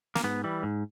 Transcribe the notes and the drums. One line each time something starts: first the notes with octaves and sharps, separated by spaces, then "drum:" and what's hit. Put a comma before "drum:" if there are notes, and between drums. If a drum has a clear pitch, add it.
A#3, drum: snare
G#2 B3
E3 G3
G#2